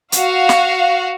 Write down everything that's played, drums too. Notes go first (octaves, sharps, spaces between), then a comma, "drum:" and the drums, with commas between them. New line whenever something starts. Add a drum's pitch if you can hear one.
F#4 F5, drum: hi-hat
drum: snare